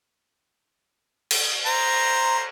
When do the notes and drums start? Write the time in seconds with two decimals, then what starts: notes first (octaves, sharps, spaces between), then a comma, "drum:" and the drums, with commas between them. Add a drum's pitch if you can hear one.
1.31 drum: cymbal
1.66 C5 A#5